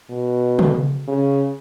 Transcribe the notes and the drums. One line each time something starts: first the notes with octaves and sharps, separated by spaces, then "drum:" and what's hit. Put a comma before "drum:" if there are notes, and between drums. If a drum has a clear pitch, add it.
B2
drum: tom C#3
C#3